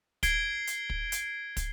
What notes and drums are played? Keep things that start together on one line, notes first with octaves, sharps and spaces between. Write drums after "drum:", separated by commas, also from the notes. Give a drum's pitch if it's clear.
G#6 C7 D7 G7, drum: kick, hi-hat
drum: hi-hat
drum: kick
drum: hi-hat
drum: kick, hi-hat